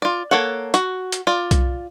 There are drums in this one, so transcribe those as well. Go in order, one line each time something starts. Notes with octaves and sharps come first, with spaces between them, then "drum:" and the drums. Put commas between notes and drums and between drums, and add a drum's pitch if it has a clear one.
F4 D5
A#3 A4 C#5 F#5
F#4, drum: hi-hat
drum: hi-hat
F4 D5
drum: kick B1, hi-hat